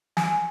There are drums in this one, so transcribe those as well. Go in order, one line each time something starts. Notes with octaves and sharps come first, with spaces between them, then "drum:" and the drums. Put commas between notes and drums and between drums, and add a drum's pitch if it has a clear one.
G#5, drum: snare